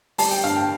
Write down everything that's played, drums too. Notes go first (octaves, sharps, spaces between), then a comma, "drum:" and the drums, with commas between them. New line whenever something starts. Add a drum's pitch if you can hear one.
G3 A5, drum: open hi-hat
G5
G2 F5
G5